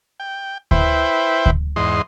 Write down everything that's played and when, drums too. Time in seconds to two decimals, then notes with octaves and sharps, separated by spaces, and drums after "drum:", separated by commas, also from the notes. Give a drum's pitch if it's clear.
0.20 G5
0.71 E4 B4 C5 G5, drum: kick D2
1.46 drum: kick D2
1.76 E2 G#2 D#5 C6